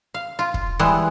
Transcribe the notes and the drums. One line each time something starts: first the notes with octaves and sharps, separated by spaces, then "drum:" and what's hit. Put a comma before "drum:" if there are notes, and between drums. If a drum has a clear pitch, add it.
F5
F4
drum: kick
E3 G3 G#3 B3